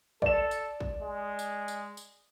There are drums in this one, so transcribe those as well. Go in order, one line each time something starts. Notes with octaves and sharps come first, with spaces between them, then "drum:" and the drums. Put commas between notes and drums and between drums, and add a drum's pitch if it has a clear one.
A4 D5 E7, drum: kick
drum: tambourine
drum: kick
G#3
drum: tambourine
drum: tambourine
drum: tambourine